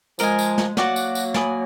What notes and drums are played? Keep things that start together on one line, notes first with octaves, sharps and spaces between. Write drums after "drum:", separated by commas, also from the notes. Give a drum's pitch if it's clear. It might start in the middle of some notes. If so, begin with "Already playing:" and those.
F3 G#3 A#4 D#5 G#5, drum: tambourine
drum: tambourine
drum: snare
F#3 A#3 F#4 D5 F#5, drum: snare
drum: tambourine
drum: tambourine
D5 G#5 B5 D#6, drum: snare